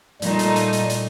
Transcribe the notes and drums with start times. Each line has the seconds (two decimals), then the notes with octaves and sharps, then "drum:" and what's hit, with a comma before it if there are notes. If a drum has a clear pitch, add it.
0.22 A#2 G3 A3 D#4, drum: hi-hat
0.39 drum: hi-hat
0.56 drum: hi-hat
0.73 drum: hi-hat
0.90 drum: hi-hat